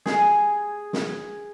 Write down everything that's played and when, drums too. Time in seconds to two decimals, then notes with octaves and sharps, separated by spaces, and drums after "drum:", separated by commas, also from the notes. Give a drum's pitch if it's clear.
0.06 G#4, drum: snare
0.93 drum: snare